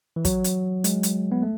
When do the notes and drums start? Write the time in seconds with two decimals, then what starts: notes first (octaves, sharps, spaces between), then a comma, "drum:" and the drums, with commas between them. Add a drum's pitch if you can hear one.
0.16 E3
0.25 F#3, drum: kick, hi-hat
0.44 drum: hi-hat
0.84 G#3, drum: hi-hat
1.03 drum: hi-hat
1.32 B3
1.42 A3